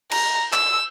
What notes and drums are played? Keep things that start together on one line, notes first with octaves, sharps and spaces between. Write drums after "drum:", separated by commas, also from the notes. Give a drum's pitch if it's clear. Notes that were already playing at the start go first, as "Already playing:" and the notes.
A#5, drum: cymbal
E6, drum: clap